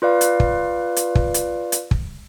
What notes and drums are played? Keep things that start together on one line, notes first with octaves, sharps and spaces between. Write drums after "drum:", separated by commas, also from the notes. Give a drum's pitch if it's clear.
F4 B4 D5 F5
drum: hi-hat
drum: kick
drum: hi-hat
drum: kick
drum: hi-hat
drum: hi-hat
drum: kick